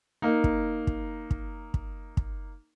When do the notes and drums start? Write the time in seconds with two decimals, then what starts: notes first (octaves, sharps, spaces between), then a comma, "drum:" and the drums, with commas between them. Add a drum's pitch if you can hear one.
0.22 A#3 D#4
0.44 drum: kick
0.87 drum: kick
1.31 drum: kick
1.74 drum: kick
2.17 drum: kick